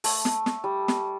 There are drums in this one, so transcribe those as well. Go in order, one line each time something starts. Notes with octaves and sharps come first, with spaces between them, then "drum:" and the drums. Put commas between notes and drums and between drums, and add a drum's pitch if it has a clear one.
A3, drum: open hi-hat
drum: snare
drum: snare
G3
drum: snare